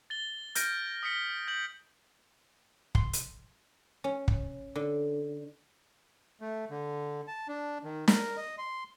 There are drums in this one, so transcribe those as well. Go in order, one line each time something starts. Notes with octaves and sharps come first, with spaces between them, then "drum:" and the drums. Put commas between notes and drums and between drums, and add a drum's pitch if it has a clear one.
A6 G7
F6 G6 A#6 D7, drum: hi-hat
D#6 A#6 B6 C#7 G7
G6 F#7
C6, drum: kick
drum: hi-hat
C#4
drum: kick
D3
A3
D3
A5
D4
D#3
A#4, drum: snare
D#5
C6